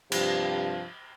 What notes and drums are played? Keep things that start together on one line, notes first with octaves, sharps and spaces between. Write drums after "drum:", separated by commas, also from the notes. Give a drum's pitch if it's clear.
G2 C3 F3 G4, drum: cymbal